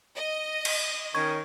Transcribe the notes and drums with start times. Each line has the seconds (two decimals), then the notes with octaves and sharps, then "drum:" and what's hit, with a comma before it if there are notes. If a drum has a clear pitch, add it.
0.15 D#5
0.65 drum: cymbal
1.14 D#3 C#4 C#6 G#6